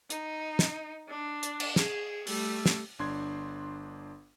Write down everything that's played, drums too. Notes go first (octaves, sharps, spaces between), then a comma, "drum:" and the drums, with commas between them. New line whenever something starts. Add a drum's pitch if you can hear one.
D#4, drum: hi-hat
drum: snare
D4
drum: hi-hat
drum: cymbal
G#4, drum: snare
G3 A3, drum: open hi-hat
drum: snare
G1 D4 C6 G#6